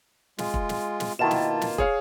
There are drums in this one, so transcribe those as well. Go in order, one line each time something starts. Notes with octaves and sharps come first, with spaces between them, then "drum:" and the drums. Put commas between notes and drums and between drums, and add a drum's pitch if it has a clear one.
G#3 F4, drum: snare
drum: kick
drum: snare
drum: snare
B2 D#3 A#3 E4 F4 A5 E7
drum: snare
drum: snare
G#4 C#5 F5, drum: kick